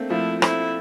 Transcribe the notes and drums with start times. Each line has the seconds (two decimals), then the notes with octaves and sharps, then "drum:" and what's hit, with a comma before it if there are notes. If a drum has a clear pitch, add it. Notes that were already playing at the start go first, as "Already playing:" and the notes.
Already playing: A3 A#3 C4 D4
0.10 F3 A3 E4
0.42 A3 C4 E4, drum: rim click